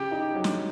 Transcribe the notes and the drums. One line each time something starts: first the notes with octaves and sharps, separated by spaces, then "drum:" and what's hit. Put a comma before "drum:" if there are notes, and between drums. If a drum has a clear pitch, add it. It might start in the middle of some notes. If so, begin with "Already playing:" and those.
Already playing: C#3 G4
D#4
F#3
drum: snare